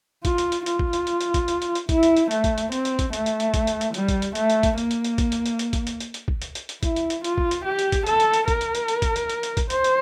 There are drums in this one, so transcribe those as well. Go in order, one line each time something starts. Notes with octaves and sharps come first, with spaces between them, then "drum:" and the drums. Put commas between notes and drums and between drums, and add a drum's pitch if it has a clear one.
F4, drum: kick, hi-hat
drum: hi-hat
drum: hi-hat
F4, drum: hi-hat
drum: kick
drum: hi-hat
drum: hi-hat
drum: hi-hat
drum: kick, hi-hat
drum: hi-hat
drum: hi-hat
drum: hi-hat
E4, drum: kick, hi-hat
drum: hi-hat
drum: hi-hat
A3, drum: hi-hat
drum: kick, hi-hat
drum: hi-hat
C4, drum: hi-hat
drum: hi-hat
drum: kick, hi-hat
A3, drum: hi-hat
drum: hi-hat
drum: hi-hat
drum: kick, hi-hat
drum: hi-hat
drum: hi-hat
G3, drum: hi-hat
drum: kick, hi-hat
drum: hi-hat
A3, drum: hi-hat
drum: hi-hat
drum: kick, hi-hat
A#3, drum: hi-hat
drum: hi-hat
drum: hi-hat
drum: kick, hi-hat
drum: hi-hat
drum: hi-hat
drum: hi-hat
drum: kick, hi-hat
drum: hi-hat
drum: hi-hat
drum: hi-hat
drum: kick
drum: hi-hat
drum: hi-hat
drum: hi-hat
E4, drum: kick, hi-hat
drum: hi-hat
drum: hi-hat
F4, drum: hi-hat
drum: kick
drum: hi-hat
G4
drum: hi-hat
drum: kick, hi-hat
A4, drum: hi-hat
drum: hi-hat
drum: hi-hat
A#4, drum: kick, hi-hat
drum: hi-hat
drum: hi-hat
drum: hi-hat
drum: kick, hi-hat
drum: hi-hat
drum: hi-hat
drum: hi-hat
drum: kick, hi-hat
C5, drum: hi-hat
drum: hi-hat